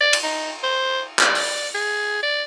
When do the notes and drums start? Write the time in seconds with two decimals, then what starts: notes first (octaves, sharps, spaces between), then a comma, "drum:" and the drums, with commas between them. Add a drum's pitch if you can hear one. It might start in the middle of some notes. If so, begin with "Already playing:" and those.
0.01 D5
0.13 drum: cymbal
0.23 D#4
0.63 C5
1.19 D5, drum: clap
1.35 drum: open hi-hat
1.75 G#4
2.23 D5